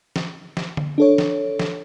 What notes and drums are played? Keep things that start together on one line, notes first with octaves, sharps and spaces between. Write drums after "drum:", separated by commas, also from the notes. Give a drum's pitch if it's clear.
drum: snare
drum: snare
drum: tom D3
D4 A4 C#5
drum: snare
drum: snare